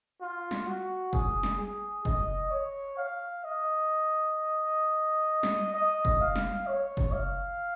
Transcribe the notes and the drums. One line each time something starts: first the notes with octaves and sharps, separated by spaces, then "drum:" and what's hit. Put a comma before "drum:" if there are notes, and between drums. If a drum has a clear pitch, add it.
F4
drum: snare G3
F#4
G#4, drum: kick
drum: snare G3
G#4
D#5, drum: kick
C#5
F5
D#5
drum: snare G3
D#5
drum: kick
F5
drum: snare G3
C#5
drum: kick
F5